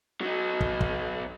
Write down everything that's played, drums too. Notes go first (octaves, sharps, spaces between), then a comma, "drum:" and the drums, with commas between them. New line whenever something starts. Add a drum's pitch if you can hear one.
F#3 D#4
drum: kick
drum: kick